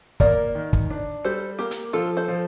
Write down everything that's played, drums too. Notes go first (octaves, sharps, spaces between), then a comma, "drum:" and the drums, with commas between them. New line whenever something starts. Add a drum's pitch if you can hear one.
A#3 A#4 D5, drum: kick
D#3
drum: kick
D4
G3 A4 C5
A#3 G4 A#4
drum: hi-hat
F3 F4 A4
A4 C5
F3